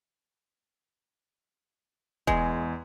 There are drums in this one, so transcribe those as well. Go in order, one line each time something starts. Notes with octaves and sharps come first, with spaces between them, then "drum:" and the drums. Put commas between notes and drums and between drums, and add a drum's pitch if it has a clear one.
E2 G#3, drum: kick E1